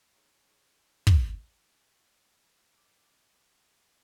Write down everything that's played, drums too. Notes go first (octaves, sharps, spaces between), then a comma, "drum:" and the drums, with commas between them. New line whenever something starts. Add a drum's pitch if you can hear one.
D#4 G#4 C#5 A#5 C#6
drum: kick
D6